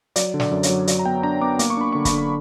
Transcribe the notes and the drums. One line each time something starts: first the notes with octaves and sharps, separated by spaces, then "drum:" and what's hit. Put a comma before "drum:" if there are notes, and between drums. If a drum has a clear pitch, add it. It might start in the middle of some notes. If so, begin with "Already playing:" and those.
F#3 D5, drum: hi-hat
D3
D5, drum: snare
F#2
C#5, drum: hi-hat
F#3
F#3 D5, drum: hi-hat
A#5
B3 G5
D4 A#5
B3 D6
A#3 D6, drum: hi-hat
C#6
D4 B5
D3 C#6
B5, drum: kick, hi-hat
D3
C#6